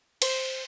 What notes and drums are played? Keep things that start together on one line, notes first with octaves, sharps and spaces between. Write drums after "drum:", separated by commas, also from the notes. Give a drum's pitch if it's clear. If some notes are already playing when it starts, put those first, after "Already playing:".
C5, drum: cymbal